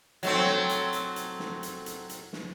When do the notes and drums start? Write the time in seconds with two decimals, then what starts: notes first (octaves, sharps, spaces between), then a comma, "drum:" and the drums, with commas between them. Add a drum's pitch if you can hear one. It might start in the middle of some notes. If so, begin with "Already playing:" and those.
0.23 F#3 A3 C4, drum: hi-hat
0.46 drum: snare
0.69 drum: hi-hat
0.93 drum: hi-hat
1.16 drum: hi-hat
1.39 drum: snare
1.63 drum: hi-hat
1.86 drum: hi-hat
2.09 drum: hi-hat
2.33 drum: snare